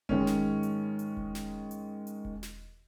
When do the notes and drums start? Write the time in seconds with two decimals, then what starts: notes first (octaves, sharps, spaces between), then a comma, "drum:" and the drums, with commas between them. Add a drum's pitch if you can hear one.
0.09 G#2 D#3 G#3 C#4, drum: kick E1
0.27 drum: snare
0.63 drum: hi-hat
0.99 drum: hi-hat
1.17 drum: kick E1
1.35 drum: snare
1.71 drum: hi-hat
2.07 drum: hi-hat
2.25 drum: kick E1
2.43 drum: snare